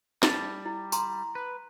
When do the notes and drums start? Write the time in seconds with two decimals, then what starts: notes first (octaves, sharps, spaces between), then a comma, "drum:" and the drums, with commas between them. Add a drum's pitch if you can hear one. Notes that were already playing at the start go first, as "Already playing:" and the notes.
0.23 G3 A5, drum: snare
0.66 E4
0.92 A#5 C6, drum: tambourine
1.35 B4